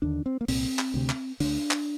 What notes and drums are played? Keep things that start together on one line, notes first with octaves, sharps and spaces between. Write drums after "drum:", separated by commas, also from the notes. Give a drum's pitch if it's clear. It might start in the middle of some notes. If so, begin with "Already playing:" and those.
D#2 D3 D4
C4
A#3
C2 A#2 C4, drum: open hi-hat
drum: clap
D2 C3
drum: clap
D2 D3 D4, drum: open hi-hat
drum: clap